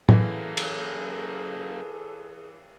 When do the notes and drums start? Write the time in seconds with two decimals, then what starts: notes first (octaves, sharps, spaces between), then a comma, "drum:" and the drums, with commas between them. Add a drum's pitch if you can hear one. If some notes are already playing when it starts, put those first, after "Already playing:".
0.09 F#2 E3 A#3 G#4 A4, drum: tom A2
0.57 drum: cymbal